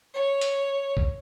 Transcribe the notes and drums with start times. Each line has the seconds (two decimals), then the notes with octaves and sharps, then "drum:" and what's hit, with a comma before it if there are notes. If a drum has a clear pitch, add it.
0.14 C#5
0.41 drum: hi-hat
0.97 drum: kick B1